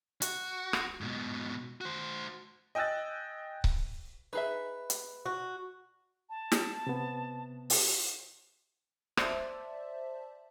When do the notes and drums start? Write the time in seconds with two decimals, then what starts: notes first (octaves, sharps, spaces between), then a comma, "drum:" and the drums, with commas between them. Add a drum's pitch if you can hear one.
0.22 F#4, drum: hi-hat
0.73 drum: rim click
1.01 G#2 B2
1.81 F#4 C5
2.75 D#5 G5 G#5 E6 F#6 A6
3.64 drum: kick C#1
4.33 D#4 G#4 B4 E5
4.90 drum: hi-hat
5.26 F#4
6.30 A5
6.52 drum: snare
6.87 C3 B3
7.70 drum: open hi-hat
9.17 C5 D5 E5 A5, drum: rim click